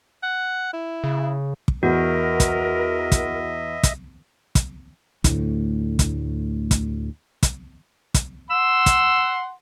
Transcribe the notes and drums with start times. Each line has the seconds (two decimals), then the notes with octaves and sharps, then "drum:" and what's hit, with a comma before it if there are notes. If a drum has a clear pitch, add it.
0.23 F#5
0.73 E4
1.04 C#3
1.68 drum: kick
1.83 E2 F#4 A#4 D#5 E5
2.40 drum: kick, hi-hat
3.12 drum: kick, hi-hat
3.83 drum: kick, hi-hat
4.55 drum: kick, hi-hat
5.24 D2 A2, drum: kick, hi-hat
5.99 drum: kick, hi-hat
6.71 drum: kick, hi-hat
7.43 drum: kick, hi-hat
8.14 drum: kick, hi-hat
8.50 F#5 C6 E6
8.86 drum: kick, hi-hat